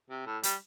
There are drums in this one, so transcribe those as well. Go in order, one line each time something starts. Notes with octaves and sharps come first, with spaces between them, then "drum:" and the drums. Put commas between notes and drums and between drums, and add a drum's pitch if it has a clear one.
C3
A2
G3, drum: hi-hat